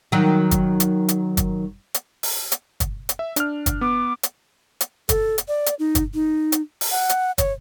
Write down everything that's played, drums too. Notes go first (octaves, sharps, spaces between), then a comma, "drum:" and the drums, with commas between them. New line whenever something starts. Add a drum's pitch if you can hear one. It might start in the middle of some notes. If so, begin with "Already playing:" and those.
D#3 F#3
drum: kick, hi-hat
drum: hi-hat
drum: hi-hat
drum: kick, hi-hat
drum: hi-hat
drum: open hi-hat
drum: hi-hat
drum: kick, hi-hat
drum: hi-hat
E5
D4 F6, drum: hi-hat
drum: kick, hi-hat
B3 D6
drum: hi-hat
drum: hi-hat
A4, drum: kick, hi-hat
drum: hi-hat
D5
drum: hi-hat
D#4
drum: kick, hi-hat
D#4
drum: hi-hat
drum: open hi-hat
F#5
drum: hi-hat
C#5, drum: kick, hi-hat